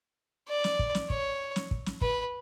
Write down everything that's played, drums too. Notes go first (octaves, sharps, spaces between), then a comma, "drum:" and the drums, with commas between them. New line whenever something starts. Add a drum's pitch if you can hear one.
D5
drum: snare
drum: kick
drum: snare
C#5, drum: kick
drum: snare
drum: kick
drum: snare
B4, drum: kick